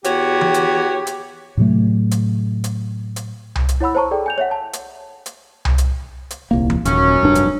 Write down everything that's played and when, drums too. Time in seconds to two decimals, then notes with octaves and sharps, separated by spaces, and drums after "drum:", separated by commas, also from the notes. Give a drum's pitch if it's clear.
0.04 E2 F#4 G4 C#5, drum: hi-hat
0.41 drum: tom E3
0.54 drum: hi-hat
1.07 drum: hi-hat
1.57 A2 C3 F#3 A3
2.11 drum: hi-hat
2.64 drum: hi-hat
3.16 drum: hi-hat
3.55 drum: tom C2
3.69 drum: hi-hat
3.81 E4 C#5 F#5 B5 E6
3.95 C5 C#5 A5 A#5 C#6
4.11 G#4 A4 D5 G5
4.26 G#5 G6 F7
4.38 C#5 E5 F#5
4.51 A5
4.73 drum: hi-hat
5.26 drum: hi-hat
5.65 drum: tom C2
5.78 drum: hi-hat
6.30 drum: hi-hat
6.51 D#1 C2 A#3
6.70 drum: tom E3
6.85 D#1 F#2 C#4, drum: hi-hat
7.23 F1 G2 D4
7.35 drum: hi-hat